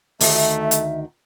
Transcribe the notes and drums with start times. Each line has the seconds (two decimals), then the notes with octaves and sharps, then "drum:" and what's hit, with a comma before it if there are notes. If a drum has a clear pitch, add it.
0.20 D2 D#3 A3 E5, drum: open hi-hat
0.71 drum: hi-hat